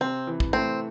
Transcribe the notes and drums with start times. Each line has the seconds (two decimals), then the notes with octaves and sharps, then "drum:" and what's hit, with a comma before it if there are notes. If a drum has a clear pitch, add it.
0.01 C3 C4
0.27 E3
0.40 drum: kick
0.53 A3 C4